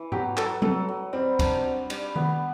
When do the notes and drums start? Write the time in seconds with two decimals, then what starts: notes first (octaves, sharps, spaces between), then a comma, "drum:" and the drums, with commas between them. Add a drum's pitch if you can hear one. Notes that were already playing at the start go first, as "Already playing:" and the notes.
Already playing: E3
0.12 F#3 G4, drum: tom G#2
0.37 F#3 A4, drum: clap
0.62 F#3 A4, drum: tom F#3
0.89 F#3
1.13 G3 C4
1.39 D4, drum: kick, cymbal
1.64 G3
1.90 G3, drum: cymbal
2.16 B3, drum: tom D#3